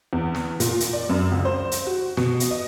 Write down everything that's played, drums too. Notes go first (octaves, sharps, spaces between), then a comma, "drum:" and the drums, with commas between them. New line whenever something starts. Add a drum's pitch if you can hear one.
E2
drum: snare
A#2, drum: hi-hat
drum: hi-hat
D5
F#2
C#2
C5
drum: hi-hat
F#4
B2, drum: snare
drum: hi-hat
D#5